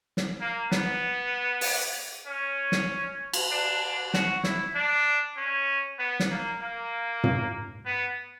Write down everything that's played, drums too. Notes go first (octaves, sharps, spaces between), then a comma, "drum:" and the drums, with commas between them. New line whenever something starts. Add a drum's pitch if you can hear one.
drum: snare
A#3
B3, drum: snare
drum: open hi-hat
C#4
drum: snare
drum: cymbal
D4
F#4, drum: snare
E4, drum: snare
D4
C#4
B3
drum: snare
A#3
A#3
drum: tom
B3